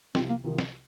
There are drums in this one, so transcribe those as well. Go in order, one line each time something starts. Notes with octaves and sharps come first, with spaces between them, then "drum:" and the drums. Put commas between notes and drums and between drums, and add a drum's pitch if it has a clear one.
C2 C3 F3 C4, drum: snare
A#3
C2 C3 D#3 F3
drum: snare